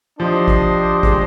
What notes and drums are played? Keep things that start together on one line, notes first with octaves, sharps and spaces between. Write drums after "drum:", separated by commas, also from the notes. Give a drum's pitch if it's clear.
F3 D4 G4 C5 D#5
drum: kick G#1
G#3, drum: kick G#1